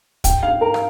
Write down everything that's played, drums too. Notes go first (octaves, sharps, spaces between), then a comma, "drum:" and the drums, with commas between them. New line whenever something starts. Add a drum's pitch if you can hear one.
G5, drum: kick, hi-hat
F5
A#4
drum: rim click